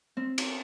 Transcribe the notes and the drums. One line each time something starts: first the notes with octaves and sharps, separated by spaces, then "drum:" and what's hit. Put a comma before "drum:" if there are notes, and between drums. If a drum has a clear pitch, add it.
C4
drum: cymbal